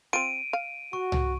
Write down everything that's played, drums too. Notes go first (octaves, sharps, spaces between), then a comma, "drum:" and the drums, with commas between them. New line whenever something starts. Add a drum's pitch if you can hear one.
C4 F4 D7 D#7
F5
F#4 C#6
drum: tom C2